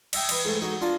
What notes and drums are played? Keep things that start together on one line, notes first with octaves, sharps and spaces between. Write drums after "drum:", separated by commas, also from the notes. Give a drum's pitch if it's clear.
D#5 E5 G5, drum: cymbal
B4 D#5, drum: cymbal
G#2 A3
F#3 D#4
D4 F4 A5 A#5